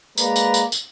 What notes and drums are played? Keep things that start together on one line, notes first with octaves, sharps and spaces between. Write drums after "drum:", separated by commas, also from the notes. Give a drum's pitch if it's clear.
G#3 A#3 B4 D5 A#5, drum: tambourine
drum: tambourine
drum: tambourine
drum: tambourine